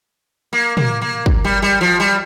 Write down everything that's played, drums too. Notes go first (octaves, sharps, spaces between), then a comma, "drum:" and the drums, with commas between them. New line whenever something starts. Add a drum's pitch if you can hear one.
A#3
A#3, drum: tom
A#3
drum: kick
G3
G3
F3
G3